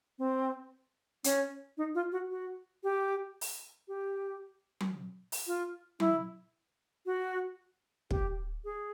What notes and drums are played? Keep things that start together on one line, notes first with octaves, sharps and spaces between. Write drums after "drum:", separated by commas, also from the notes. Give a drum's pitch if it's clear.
C4
C#4, drum: hi-hat
D#4
F4
F#4
F#4
G4
drum: open hi-hat
G4
drum: tom F#3
drum: open hi-hat
F4
E4, drum: tom F#3
F#4
G4, drum: kick
G#4